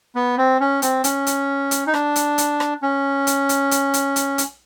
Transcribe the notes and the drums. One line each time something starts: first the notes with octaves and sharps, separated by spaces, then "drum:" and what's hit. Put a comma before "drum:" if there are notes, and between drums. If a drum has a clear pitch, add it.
B3
C4
C#4
C4, drum: hi-hat
C#4, drum: hi-hat
drum: hi-hat
drum: hi-hat
D#4
D4, drum: rim click
drum: hi-hat
drum: hi-hat
drum: rim click
C#4
drum: hi-hat
drum: hi-hat
drum: hi-hat
drum: hi-hat
drum: hi-hat
drum: hi-hat